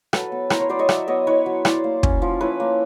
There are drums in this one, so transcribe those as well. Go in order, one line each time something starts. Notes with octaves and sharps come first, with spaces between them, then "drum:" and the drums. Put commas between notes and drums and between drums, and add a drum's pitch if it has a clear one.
F#3 A4 B4, drum: rim click
B3
E4 A#4 C5, drum: rim click
B4 C#5
F#3 C5 D5
C#5 D#5
F#3 D5 E5, drum: rim click
B3 C#5 D#5
E4 B4 C#5
F#3
E4 C5 D5, drum: rim click
A#3
C#4, drum: kick
F3
E4 B4 C#5
A#3